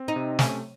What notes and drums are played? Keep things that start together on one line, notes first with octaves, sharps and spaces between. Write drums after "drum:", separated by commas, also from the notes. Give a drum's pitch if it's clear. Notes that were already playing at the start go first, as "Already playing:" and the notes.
Already playing: C4
D#4
C3
A3 C#4, drum: snare